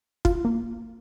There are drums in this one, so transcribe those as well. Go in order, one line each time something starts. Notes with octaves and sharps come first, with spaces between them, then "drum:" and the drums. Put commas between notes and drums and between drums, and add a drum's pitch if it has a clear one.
F4, drum: kick
A#3